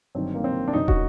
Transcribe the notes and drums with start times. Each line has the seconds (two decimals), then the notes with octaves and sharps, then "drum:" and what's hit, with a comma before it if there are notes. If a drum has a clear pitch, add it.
0.15 G1 G2 D#3 F#3 C4
0.35 A#3
0.44 C4
0.68 D4
0.73 F#1 F#2 F#3 D#4
0.88 F#4, drum: kick